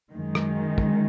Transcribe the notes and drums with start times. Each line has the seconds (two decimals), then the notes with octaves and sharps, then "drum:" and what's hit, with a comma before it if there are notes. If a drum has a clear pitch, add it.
0.13 F#2 D#3 G#3
0.35 drum: rim click
0.78 drum: kick